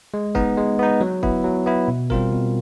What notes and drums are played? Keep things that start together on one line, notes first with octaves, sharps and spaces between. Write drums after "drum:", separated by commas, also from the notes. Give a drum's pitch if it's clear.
G#3
B3 D#4, drum: kick
G#3
B3 D#4
F#3
B3 E4, drum: kick
F#3
B3 E4
B2
G3 C4 F4 A#4, drum: kick
B2